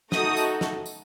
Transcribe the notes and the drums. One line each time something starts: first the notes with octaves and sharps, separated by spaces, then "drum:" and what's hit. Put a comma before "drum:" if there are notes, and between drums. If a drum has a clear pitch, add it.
A3 D#4 F#4 A4 D#6, drum: snare
drum: tambourine
drum: snare
drum: tambourine